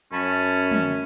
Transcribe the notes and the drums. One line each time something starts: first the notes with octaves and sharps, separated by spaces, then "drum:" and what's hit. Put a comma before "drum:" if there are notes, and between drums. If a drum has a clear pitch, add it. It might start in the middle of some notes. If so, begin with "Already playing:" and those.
F#2 C#4 A5 B5
drum: tom